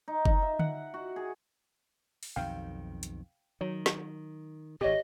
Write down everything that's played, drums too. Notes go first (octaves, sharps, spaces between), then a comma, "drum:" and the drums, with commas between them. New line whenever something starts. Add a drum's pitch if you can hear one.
D#4
D#4, drum: kick F#1
E5
F#5, drum: tom D3
F#4
G#4
drum: open hi-hat
B1 F2 D#3 F5 G5
drum: hi-hat
D#3 F#3
drum: snare
G#1 A2 G4 C#5 D#5